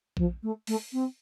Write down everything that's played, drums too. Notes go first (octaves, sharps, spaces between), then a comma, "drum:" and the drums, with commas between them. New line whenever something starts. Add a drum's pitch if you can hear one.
F3, drum: kick A#1
A3
A3, drum: open hi-hat
C4